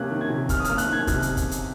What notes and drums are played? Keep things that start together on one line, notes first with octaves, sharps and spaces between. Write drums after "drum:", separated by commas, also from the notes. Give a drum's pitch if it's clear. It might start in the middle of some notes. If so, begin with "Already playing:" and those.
Already playing: C3 A#3 C#4 F#6 G#6
D#3
G#6
C3
C#4 F6, drum: kick, hi-hat
D#6
A#3 F6, drum: hi-hat
F#6, drum: hi-hat
D#3 G#6
C3 F#6, drum: kick, hi-hat
drum: hi-hat
drum: kick, hi-hat
drum: hi-hat